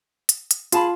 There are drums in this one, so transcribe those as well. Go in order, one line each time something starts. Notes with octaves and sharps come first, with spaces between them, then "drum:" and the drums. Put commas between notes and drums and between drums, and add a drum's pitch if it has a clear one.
drum: hi-hat
drum: hi-hat
F4 G#4 A5 B5, drum: hi-hat